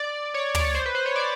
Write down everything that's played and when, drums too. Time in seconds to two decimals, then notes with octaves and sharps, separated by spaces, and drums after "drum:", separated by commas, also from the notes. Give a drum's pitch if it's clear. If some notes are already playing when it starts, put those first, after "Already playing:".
Already playing: D5
0.34 C#5
0.55 D5, drum: tom
0.64 C#5
0.75 C5
0.86 B4
0.95 C5
1.06 C#5
1.16 D5